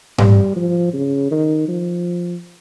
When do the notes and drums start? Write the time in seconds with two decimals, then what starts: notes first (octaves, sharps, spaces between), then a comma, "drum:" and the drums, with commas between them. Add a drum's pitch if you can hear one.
0.18 G3, drum: tom G#2
0.56 F3
0.93 C#3
1.31 D#3
1.68 F3